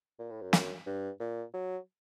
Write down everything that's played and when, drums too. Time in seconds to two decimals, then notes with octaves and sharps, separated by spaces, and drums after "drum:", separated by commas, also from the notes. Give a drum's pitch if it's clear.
0.19 A#2
0.30 A2
0.41 F#2
0.53 drum: snare
0.86 G2
1.20 A#2
1.54 F#3